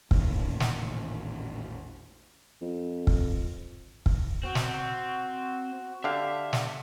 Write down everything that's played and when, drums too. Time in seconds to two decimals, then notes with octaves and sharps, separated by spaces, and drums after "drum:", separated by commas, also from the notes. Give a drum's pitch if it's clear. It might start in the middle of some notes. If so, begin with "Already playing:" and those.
0.11 A1 E2 A#2 D#3, drum: kick
0.60 drum: snare
2.62 F2
3.07 drum: kick
4.06 drum: kick
4.44 C4 F#4
4.55 drum: snare
6.04 D3 G4 E5 F5
6.53 drum: snare